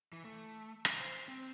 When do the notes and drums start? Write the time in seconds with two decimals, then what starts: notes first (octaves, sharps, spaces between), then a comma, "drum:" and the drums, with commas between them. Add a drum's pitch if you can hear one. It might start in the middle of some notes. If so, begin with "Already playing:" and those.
0.13 E3
0.24 A3
0.85 drum: rim click
1.01 C5
1.28 C4